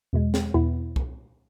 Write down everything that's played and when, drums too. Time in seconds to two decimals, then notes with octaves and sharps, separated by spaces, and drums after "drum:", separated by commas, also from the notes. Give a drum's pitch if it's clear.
0.13 E2 B2 G#3
0.34 drum: snare
0.54 E2 B2 B3 E4
0.96 drum: kick C2